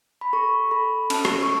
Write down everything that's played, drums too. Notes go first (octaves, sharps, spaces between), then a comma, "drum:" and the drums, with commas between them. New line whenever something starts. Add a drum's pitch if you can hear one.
B5
A4 C#6
A4 B5
C#4 A5, drum: cymbal
drum: rim click
C#6